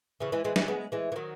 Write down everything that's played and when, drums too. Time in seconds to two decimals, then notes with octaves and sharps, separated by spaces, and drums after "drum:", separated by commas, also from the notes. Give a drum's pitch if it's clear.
0.20 C#3 E3
0.32 E3 G#3
0.45 E3 G#3
0.56 E3 G#3, drum: snare
0.68 G#3 B3
0.92 E3 G#3
1.12 E3
1.16 D#3 F#3